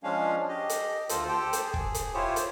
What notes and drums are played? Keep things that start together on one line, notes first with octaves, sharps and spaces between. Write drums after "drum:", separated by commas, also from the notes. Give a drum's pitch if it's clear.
F3 G#3 C#4 D4 F5
G4 D#5
drum: hi-hat
D2 F4 A4 C5, drum: hi-hat
G4 A4 C5 G5
drum: hi-hat
G#4
drum: kick
drum: hi-hat
E4 F4 G4 C5 C#5
drum: hi-hat